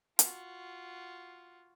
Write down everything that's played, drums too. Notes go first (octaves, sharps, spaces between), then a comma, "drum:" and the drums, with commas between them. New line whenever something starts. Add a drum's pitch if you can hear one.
F4 F#4, drum: hi-hat